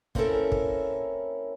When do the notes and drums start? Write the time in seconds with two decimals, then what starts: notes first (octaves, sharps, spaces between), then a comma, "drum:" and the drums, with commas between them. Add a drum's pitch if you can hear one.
0.15 A#3 C4 C#4 E4 A4 A#4, drum: kick G#1
0.52 drum: kick G#1